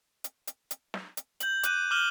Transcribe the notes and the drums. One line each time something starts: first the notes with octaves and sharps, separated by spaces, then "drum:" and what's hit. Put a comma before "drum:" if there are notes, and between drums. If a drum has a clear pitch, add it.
drum: hi-hat
drum: hi-hat
drum: hi-hat
drum: snare
drum: hi-hat
G6 F#7, drum: hi-hat
D6 F#6 D#7, drum: hi-hat
D6 F6 D#7 E7 F#7 G7